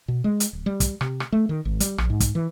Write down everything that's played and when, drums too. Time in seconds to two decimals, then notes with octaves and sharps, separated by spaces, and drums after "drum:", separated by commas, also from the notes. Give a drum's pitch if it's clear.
0.08 B2
0.24 G#3
0.40 drum: hi-hat
0.53 D1
0.66 G3
0.80 drum: kick, hi-hat
1.01 C3, drum: rim click
1.20 drum: rim click
1.32 A3
1.49 D#3
1.65 G#1
1.80 G3, drum: hi-hat
1.98 A#1, drum: rim click
2.10 G#2
2.20 drum: kick, hi-hat
2.35 E3